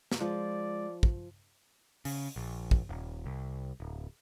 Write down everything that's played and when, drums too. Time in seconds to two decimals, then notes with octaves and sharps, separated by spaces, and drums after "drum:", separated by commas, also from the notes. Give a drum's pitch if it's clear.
0.12 drum: snare
0.21 F3 G#3 D5
1.03 drum: kick
2.05 C#3, drum: open hi-hat
2.36 A#1
2.71 drum: kick
2.89 D#1
3.26 C2
3.80 D1